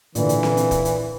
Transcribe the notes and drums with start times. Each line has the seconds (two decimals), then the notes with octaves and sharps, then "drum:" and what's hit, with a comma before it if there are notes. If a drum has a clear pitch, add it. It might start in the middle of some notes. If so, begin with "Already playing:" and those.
0.15 A#2 D3 E3, drum: hi-hat
0.29 drum: hi-hat
0.43 drum: snare C4
0.57 drum: hi-hat
0.71 drum: kick, hi-hat
0.85 drum: hi-hat